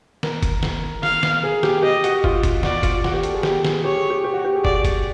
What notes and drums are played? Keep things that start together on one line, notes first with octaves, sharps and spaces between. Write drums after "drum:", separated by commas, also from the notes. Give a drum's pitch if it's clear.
A#4, drum: snare
drum: kick, hi-hat
drum: snare
F5, drum: snare
drum: snare
G#4
G4, drum: snare
G4 D#5
F#4, drum: hi-hat
F4, drum: kick
drum: kick, hi-hat
F#4 D5, drum: snare
F4, drum: kick, hi-hat
F#4, drum: snare
G4
A4, drum: hi-hat
G#4
G4, drum: snare
G#4, drum: snare
G4 C#5
G#4
G4
G4
F#4
G4
G#4
F#4 D5, drum: kick
drum: kick, hi-hat